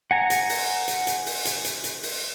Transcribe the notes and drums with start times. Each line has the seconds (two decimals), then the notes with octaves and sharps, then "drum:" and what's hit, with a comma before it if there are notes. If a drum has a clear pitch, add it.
0.11 F#5 G#5 A#5
0.30 drum: hi-hat
0.49 drum: open hi-hat
0.88 drum: hi-hat
1.07 drum: hi-hat
1.26 drum: open hi-hat
1.45 drum: hi-hat
1.65 drum: hi-hat
1.84 drum: hi-hat
2.03 drum: open hi-hat